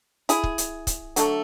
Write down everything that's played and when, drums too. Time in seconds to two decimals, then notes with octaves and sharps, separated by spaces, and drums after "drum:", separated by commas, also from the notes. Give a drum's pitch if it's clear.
0.29 E4 G#4, drum: hi-hat
0.44 drum: kick
0.58 drum: hi-hat
0.87 drum: kick, hi-hat
1.16 D3 F#3 A3, drum: hi-hat